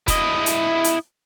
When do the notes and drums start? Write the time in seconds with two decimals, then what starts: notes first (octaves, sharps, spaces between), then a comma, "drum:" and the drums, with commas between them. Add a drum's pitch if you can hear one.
0.08 E4 D#5, drum: kick E1, hi-hat
0.46 drum: hi-hat
0.84 drum: hi-hat